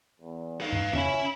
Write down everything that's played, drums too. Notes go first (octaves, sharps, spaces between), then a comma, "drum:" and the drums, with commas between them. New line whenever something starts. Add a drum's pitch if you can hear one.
E2
D#4 B4 F5
drum: tom
C#4 E5 B5, drum: tom